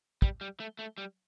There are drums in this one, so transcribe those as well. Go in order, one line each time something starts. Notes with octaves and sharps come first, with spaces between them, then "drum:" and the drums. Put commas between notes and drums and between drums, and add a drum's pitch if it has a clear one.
G3, drum: kick
G3
A3
A3
G3